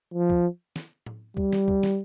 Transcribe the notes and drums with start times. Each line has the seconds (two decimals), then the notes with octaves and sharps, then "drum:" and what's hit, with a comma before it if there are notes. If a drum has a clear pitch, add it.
0.14 F3
0.30 drum: kick C#2
0.76 drum: snare
1.06 drum: tom A2
1.37 G3, drum: kick C#2
1.53 drum: snare
1.68 drum: kick C#2
1.83 drum: snare